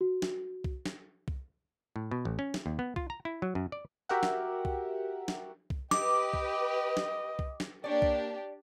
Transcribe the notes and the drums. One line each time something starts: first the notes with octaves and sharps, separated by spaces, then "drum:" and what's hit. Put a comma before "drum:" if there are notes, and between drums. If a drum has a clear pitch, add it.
F#4
drum: snare
drum: kick C2
drum: snare
drum: kick C2
A2
B2
A1
C#4
drum: snare
D#2
B3
F4, drum: kick C2
A#5
E4
F#3
F#2
D5
F#4 G4 A#4 E5 F#5
drum: snare
drum: kick C2
drum: snare
drum: kick C2
G4 B4 D#5 D6, drum: snare
drum: kick C2
drum: snare
drum: kick C2
drum: snare
A#3 D4 G4 C#5 D5
drum: kick C2